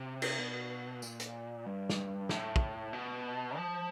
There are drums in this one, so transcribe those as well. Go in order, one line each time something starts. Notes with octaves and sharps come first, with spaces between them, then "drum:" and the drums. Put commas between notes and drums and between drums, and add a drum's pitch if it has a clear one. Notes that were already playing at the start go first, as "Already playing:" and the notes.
Already playing: C3
drum: cymbal
B2
A#2, drum: tambourine
drum: hi-hat
G2
drum: snare
A2, drum: snare
drum: kick
B2
F3